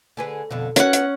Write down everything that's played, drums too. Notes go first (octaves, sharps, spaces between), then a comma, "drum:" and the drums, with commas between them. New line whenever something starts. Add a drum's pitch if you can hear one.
D3 G#4 B4
F2 B2 D3
B3 C#4 F#4 A#4 C#5 F#5, drum: hi-hat
drum: hi-hat